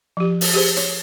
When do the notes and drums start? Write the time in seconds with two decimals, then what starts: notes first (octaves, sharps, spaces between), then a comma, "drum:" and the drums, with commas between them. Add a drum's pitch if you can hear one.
0.17 F3 G4
0.41 drum: open hi-hat
0.54 G4 G#4 C5
0.77 C#5, drum: hi-hat